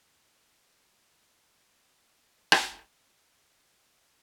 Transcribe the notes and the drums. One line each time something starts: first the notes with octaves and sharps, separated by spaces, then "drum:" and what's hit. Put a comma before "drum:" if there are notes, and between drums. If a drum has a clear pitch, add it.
B1 A2 E3 G#3 C5 D5
B4 C#5
C5 D5
F#1 E2 B2 F#3
C5 D5
D5 E5
C#5 D#5
C5 D5
drum: rim click
E1 D#2 D#3 B4 C#5
B4 C#5
D5
C#5
C5
B4
G#4 A#4
A4 B4